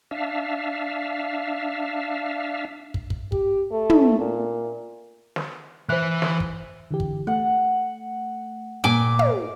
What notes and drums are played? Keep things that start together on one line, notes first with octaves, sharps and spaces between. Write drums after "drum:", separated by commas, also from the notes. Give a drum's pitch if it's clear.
D4 E5 F5
drum: kick
drum: kick
G4, drum: kick
A3
drum: tom
A#2
drum: snare
E3 C5 E5 F#6
drum: snare
drum: kick
D3 E3 G4
drum: kick
A3 F#5
A#2 G#5 D6
drum: tom